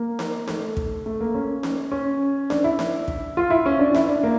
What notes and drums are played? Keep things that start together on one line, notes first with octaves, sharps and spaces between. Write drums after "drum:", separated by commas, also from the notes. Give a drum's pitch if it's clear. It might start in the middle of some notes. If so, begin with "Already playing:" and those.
Already playing: A#3
drum: snare D#4
A3, drum: snare D#4
drum: kick
A3
A#3
C#4
drum: snare D#4
C#4
D4, drum: snare D#4
E4
drum: snare D#4
drum: kick
F4
E4
C#4
D4
E4, drum: snare D#4
D4
A#3